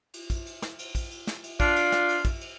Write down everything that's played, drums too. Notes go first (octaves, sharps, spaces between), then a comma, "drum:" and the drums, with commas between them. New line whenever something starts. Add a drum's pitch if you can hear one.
drum: cymbal
drum: kick, cymbal
drum: cymbal
drum: snare
drum: cymbal
drum: kick, cymbal
drum: cymbal
drum: snare
drum: cymbal
D4 F4, drum: kick, cymbal
drum: cymbal
drum: snare
drum: cymbal
drum: kick, cymbal
drum: cymbal